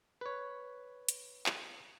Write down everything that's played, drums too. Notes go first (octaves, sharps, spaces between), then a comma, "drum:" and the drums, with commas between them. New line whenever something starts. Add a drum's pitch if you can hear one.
B4 C#5
drum: hi-hat
drum: clap